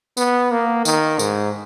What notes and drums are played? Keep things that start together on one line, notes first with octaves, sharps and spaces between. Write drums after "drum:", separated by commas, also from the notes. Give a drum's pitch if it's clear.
B3, drum: tambourine
A#3
D#3, drum: tambourine
G#2, drum: tambourine